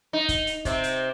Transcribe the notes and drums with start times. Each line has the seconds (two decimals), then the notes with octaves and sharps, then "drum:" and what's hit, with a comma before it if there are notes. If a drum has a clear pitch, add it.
0.13 D#4
0.29 drum: kick, hi-hat
0.47 drum: hi-hat
0.65 C3 C4, drum: kick, hi-hat
0.83 drum: hi-hat